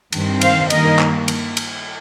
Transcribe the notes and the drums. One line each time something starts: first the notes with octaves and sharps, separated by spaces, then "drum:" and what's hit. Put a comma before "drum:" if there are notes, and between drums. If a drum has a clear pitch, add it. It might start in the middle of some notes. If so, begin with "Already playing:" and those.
G2 D#3 C4, drum: cymbal
C5 F5, drum: cymbal
G2 D#3 A#3 A#4 D#5, drum: cymbal
drum: clap
drum: cymbal
drum: cymbal